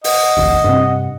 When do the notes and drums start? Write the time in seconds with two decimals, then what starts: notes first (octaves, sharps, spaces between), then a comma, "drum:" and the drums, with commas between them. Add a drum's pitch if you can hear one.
0.04 D#5 F#5, drum: open hi-hat
0.37 F1 A#1 D#2
0.64 G2 C3 C4